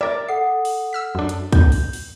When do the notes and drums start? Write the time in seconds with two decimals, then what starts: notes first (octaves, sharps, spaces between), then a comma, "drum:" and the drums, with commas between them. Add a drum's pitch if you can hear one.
0.01 A#4 D5 E5
0.29 A4 F#5 D#6 C7
0.65 drum: open hi-hat
0.93 E6 F6 B6
1.15 F#2 D4
1.29 drum: hi-hat
1.53 G6, drum: kick, hi-hat
1.72 drum: open hi-hat
1.93 drum: open hi-hat